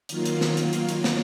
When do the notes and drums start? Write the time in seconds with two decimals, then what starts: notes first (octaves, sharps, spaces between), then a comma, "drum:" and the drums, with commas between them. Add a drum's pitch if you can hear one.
0.09 D#3 F#3 A#3 F4, drum: hi-hat
0.26 drum: hi-hat
0.41 drum: snare
0.57 drum: hi-hat
0.73 drum: hi-hat
0.89 drum: hi-hat
1.04 drum: snare